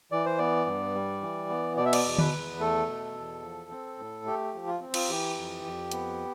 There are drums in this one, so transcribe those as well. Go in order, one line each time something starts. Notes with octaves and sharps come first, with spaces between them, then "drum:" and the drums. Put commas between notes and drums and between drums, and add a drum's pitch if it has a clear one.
E3 D5
C5
B3 D5
G2
G3
E3
B3
B2 D5
E5
D5, drum: cymbal
E2
B4, drum: tom D3
E2
A3 A4
B2
E2
F3
C4
A2
A3 G4
F3
F4
C4
F4, drum: cymbal
E3 G4
F2
F2
B3, drum: hi-hat